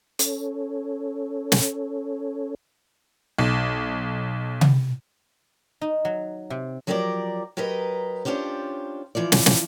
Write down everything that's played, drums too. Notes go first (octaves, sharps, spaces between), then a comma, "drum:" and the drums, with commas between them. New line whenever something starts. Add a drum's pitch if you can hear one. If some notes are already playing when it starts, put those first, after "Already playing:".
C#4 A4 C#5, drum: hi-hat
drum: snare
B1
drum: tom C3
D#4
F#3
C3
F3 F#3 G4 A#4 C#5 D5
F#3 G4 A#4 B4 D#5
C#4 D4 F4 G4 C5
E3 F3 F4 D5
drum: snare
drum: snare